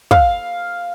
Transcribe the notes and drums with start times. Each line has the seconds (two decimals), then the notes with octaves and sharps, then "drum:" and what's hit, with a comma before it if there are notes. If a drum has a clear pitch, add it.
0.11 F5, drum: kick